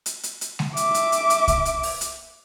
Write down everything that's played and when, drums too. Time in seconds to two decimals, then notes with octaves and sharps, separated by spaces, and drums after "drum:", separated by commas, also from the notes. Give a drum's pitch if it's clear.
0.06 drum: hi-hat
0.23 drum: hi-hat
0.41 drum: hi-hat
0.59 drum: snare G#3
0.77 E5 D6, drum: hi-hat
0.94 drum: hi-hat
1.12 drum: hi-hat
1.30 drum: hi-hat
1.48 drum: kick C2, hi-hat
1.65 drum: hi-hat
1.83 drum: open hi-hat
2.01 drum: hi-hat